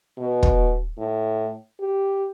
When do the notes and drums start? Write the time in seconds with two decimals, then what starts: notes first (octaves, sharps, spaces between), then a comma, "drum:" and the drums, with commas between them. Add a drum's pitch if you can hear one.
0.18 B2
0.43 drum: kick
0.98 A2
1.80 G4